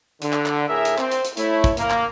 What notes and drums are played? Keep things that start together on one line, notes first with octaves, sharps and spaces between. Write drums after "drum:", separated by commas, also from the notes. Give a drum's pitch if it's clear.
D3, drum: hi-hat
drum: clap
drum: clap
A2 G#4 A#4 E5
drum: hi-hat
C4, drum: clap
drum: hi-hat
drum: hi-hat
A3 E4 C#5, drum: hi-hat
drum: kick, hi-hat
A#3, drum: hi-hat
drum: clap